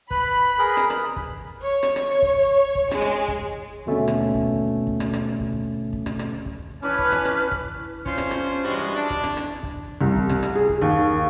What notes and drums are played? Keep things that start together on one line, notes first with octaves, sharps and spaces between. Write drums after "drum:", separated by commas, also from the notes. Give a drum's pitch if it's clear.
B4 B5, drum: kick
G#4 A#4 B4
drum: rim click
drum: rim click
drum: kick
C#5
drum: rim click
drum: rim click
drum: kick
drum: kick
G#3, drum: rim click
drum: rim click
drum: kick
D#2 B2 D3 A3 C#4
drum: rim click
drum: kick
drum: kick
drum: rim click
drum: rim click
drum: kick
drum: kick
drum: rim click
drum: rim click
drum: kick
E3 C#4 D4 B4 D5 F6
drum: kick
drum: rim click
drum: rim click
drum: kick
C#4 D4 F4 C5, drum: kick
drum: rim click
drum: rim click
G2 E3 G3 G#3 F#4
D4
drum: kick
drum: rim click
drum: rim click
drum: kick
C2
drum: kick
drum: rim click
drum: rim click
G#4
drum: kick
D#2